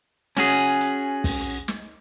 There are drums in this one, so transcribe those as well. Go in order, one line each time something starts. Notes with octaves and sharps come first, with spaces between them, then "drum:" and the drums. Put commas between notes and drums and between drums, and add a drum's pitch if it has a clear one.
C#4 F#4 G#4, drum: snare
drum: hi-hat
drum: kick, open hi-hat
drum: snare